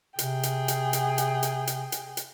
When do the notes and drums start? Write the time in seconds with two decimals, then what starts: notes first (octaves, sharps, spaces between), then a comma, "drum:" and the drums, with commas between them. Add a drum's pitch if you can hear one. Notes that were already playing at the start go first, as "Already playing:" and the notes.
0.19 C3 G#4 G5, drum: hi-hat
0.43 drum: hi-hat
0.68 drum: hi-hat
0.93 drum: hi-hat
1.18 drum: hi-hat
1.43 drum: hi-hat
1.67 drum: hi-hat
1.92 drum: hi-hat
2.17 drum: hi-hat